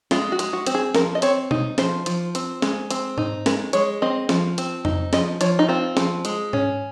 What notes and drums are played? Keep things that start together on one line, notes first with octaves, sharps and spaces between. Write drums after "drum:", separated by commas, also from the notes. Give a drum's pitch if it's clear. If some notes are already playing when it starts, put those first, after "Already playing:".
G#3 F4, drum: snare
F#4
G#3, drum: hi-hat
F#4
C4, drum: hi-hat
G#4
F3 A#4, drum: snare
D#5
C4 C#5, drum: hi-hat
D#4, drum: tom B2
F3 C5, drum: snare
F3, drum: hi-hat
C4, drum: hi-hat
G#3, drum: snare
C4, drum: hi-hat
D#4, drum: tom G#2
G#3 A#4, drum: snare
G#3 C#5, drum: hi-hat
C4 D#5
F3, drum: snare
C4, drum: hi-hat
D#4, drum: tom F2
F3 D#5, drum: snare
F3 C#5, drum: hi-hat
D#4
C4 F4
F3, drum: snare
G#3, drum: hi-hat
C#4, drum: tom G#2